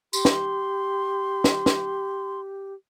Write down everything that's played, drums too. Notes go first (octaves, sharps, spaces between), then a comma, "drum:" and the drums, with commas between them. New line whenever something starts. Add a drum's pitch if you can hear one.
G4 C6, drum: tambourine
drum: snare
drum: snare
drum: snare